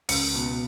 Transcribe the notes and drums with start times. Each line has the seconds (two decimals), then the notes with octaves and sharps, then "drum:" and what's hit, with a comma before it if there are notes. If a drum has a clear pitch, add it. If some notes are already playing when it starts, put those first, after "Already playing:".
0.09 C#2 C#7, drum: open hi-hat
0.36 B2